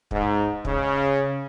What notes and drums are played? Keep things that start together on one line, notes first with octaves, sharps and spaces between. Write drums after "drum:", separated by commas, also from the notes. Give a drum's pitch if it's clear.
G#2, drum: kick
C#3, drum: kick